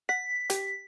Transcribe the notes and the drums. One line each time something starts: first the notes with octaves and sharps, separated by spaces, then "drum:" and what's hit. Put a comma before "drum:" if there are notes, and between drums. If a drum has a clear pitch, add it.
F#5 B6
G4, drum: hi-hat